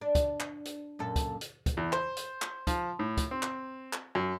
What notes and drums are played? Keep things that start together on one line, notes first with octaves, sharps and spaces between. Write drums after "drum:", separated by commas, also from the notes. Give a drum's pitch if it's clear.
D4
drum: kick, hi-hat
drum: clap
drum: hi-hat
F#2 A#2 A4
drum: kick, hi-hat
drum: hi-hat
drum: kick, hi-hat
E2
C5, drum: clap
drum: hi-hat
drum: clap
F3, drum: kick, hi-hat
A2
drum: kick, hi-hat
C4
drum: clap
drum: clap
F#2